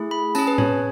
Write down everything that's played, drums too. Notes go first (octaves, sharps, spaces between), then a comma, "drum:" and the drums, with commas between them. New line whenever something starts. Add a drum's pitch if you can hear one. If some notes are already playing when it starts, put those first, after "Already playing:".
Already playing: A3 E4 G#4
B5
C#4 G#4 A5, drum: tambourine
B4
C#5, drum: tom A2